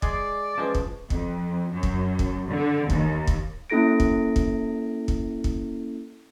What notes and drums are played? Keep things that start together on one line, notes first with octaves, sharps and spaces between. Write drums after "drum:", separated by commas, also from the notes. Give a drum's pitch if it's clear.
G#3 G#4 D5, drum: kick
F3 G#3 C#4 F4 B4
drum: kick
F2, drum: kick
F#2
drum: kick
drum: kick
D3
D#2, drum: kick
drum: kick
A#3 C#4 E4 A4 A#6 D7
drum: kick
drum: kick
drum: kick
drum: kick